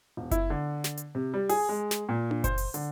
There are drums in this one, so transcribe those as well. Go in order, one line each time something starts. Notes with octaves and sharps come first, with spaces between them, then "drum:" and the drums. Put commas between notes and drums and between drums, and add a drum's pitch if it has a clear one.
E1
E4, drum: kick F#1, hi-hat
D3
drum: snare
drum: hi-hat
C3
G3
G#4, drum: open hi-hat
G#3
drum: snare
A#2
drum: tom D4
C5, drum: kick F#1, hi-hat
drum: open hi-hat
D3, drum: hi-hat